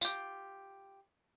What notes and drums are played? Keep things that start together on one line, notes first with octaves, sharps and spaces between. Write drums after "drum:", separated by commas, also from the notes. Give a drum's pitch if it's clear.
F4 G4, drum: tambourine